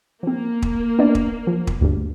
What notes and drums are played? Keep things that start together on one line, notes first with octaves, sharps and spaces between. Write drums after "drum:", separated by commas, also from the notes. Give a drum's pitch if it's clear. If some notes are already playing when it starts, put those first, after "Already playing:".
F3 A#3 C4
drum: kick
B3 D4 D5
drum: kick
F3
drum: kick
D2 G2